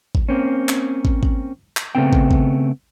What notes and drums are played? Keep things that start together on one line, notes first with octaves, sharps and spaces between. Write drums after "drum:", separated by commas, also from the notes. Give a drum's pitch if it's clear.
drum: kick
A#3 C4 C#4
drum: clap
drum: kick
drum: kick
drum: clap
C#3 G#3 A3 B3 C4 G5
drum: kick
drum: kick